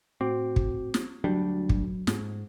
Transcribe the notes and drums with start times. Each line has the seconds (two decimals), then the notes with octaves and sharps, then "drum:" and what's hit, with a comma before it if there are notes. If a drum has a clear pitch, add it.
0.21 A2 C4 F#4 D6
0.56 drum: kick
0.94 drum: snare
1.24 D2 F#3 G3 D4
1.69 drum: kick
2.07 G#2, drum: snare